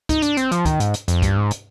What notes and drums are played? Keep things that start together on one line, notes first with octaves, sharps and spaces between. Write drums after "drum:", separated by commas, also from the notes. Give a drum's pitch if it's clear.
D#4, drum: kick, hi-hat
D4, drum: hi-hat
C4, drum: hi-hat
F3, drum: hi-hat
D#3, drum: kick, hi-hat
G#2, drum: hi-hat
drum: hi-hat
F2, drum: hi-hat
G2, drum: kick, hi-hat
G#2
drum: hi-hat